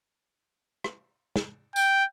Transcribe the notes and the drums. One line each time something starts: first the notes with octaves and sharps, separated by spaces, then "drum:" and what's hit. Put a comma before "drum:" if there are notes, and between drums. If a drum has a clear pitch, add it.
drum: rim click
drum: snare
G5, drum: tambourine